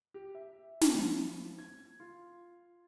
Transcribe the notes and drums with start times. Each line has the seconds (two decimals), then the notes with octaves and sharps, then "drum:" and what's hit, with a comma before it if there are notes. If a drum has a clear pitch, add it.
0.14 G4
0.35 E5
0.82 drum: snare
0.94 F3
1.59 G#6
2.00 F4